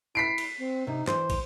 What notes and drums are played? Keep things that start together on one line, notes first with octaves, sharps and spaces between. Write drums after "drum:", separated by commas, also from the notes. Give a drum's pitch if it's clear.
E4 B6 C7 D7
drum: cymbal
C4
C3 D#4
E3 C5, drum: clap
drum: kick, cymbal